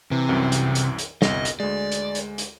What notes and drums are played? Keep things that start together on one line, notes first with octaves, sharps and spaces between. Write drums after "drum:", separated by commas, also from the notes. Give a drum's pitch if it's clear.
C3 E3
C2 F#2 E3
drum: hi-hat
drum: hi-hat
drum: hi-hat
G1 C2 D#5, drum: snare
drum: hi-hat
D2 G#3 D5
drum: hi-hat
drum: hi-hat
drum: hi-hat